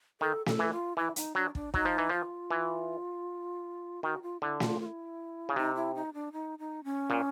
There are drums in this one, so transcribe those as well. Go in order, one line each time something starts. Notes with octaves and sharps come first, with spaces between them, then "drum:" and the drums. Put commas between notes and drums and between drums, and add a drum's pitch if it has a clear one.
D#3 A4
A4, drum: snare
E3
F4
E3 E4
D#4, drum: hi-hat
F#3 D4
D4, drum: kick
F#3 D#4, drum: kick
F3
E3
F3 F4
E3
D#3 F#4
F4
D3 E4
F4, drum: snare
F4
E4
C#3
C3 D#4
E4
D#4
D4
D#4
D#4
C#4
A#2